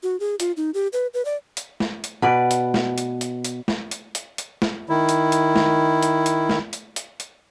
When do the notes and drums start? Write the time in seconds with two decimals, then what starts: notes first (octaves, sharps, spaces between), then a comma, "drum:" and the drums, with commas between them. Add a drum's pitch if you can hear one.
0.03 F#4
0.20 G#4
0.40 F4, drum: hi-hat
0.57 D#4
0.74 G4
0.93 B4
1.14 B4
1.25 D5
1.57 drum: hi-hat
1.80 drum: snare
2.04 drum: hi-hat
2.22 B2 B4 D5
2.51 drum: hi-hat
2.74 drum: snare
2.98 drum: hi-hat
3.21 drum: hi-hat
3.45 drum: hi-hat
3.68 drum: snare
3.91 drum: hi-hat
4.15 drum: hi-hat
4.38 drum: hi-hat
4.62 drum: snare
4.89 D#3 E4
5.09 drum: hi-hat
5.32 drum: hi-hat
5.56 drum: snare
6.03 drum: hi-hat
6.26 drum: hi-hat
6.49 drum: snare
6.73 drum: hi-hat
6.96 drum: hi-hat
7.20 drum: hi-hat